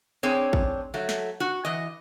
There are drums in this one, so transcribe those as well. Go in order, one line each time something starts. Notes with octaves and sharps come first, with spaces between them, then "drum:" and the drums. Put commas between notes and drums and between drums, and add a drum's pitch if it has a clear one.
C4 D4 G#4 C#5
drum: kick
F#3 A3
drum: snare
F#4
E3 D#5